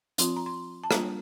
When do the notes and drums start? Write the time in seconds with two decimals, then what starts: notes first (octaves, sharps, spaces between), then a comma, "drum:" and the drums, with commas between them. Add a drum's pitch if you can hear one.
0.18 F3 C4 F4 C6, drum: hi-hat
0.36 A#5
0.46 C6
0.84 A5
0.91 G3 A#3 D4 F4 A#5, drum: rim click